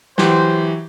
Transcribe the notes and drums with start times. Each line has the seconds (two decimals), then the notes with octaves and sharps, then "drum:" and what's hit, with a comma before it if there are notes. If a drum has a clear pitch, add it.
0.18 E3 F#3 G4 C5, drum: snare